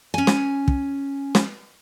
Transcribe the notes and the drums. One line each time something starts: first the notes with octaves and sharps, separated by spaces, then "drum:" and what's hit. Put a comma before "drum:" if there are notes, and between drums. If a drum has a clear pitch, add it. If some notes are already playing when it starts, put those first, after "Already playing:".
C#4 G#5
drum: snare
drum: kick
drum: snare